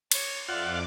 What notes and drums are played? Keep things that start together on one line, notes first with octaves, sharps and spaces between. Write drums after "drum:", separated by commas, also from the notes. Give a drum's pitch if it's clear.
C#5, drum: cymbal
F2 F4 D5 E5 F#5 D6